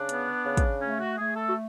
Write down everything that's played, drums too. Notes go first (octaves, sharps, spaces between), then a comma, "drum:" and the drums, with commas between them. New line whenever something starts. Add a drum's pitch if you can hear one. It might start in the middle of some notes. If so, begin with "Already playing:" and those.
Already playing: C#3 D4
B3, drum: hi-hat
C#3
drum: kick, hi-hat
A3 C#4
F#4
A3 G#4
A4
F#4